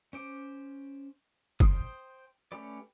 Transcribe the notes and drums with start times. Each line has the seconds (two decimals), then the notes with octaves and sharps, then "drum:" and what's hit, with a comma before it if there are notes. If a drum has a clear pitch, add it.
0.13 C#4 C5 D6
1.60 C5 G5 C6 D#6, drum: kick
2.52 A3 C#4 G4 B4 D5